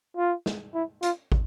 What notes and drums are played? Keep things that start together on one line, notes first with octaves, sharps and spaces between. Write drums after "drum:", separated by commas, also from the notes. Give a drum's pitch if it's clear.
F4
drum: snare
E4
F4, drum: hi-hat
drum: kick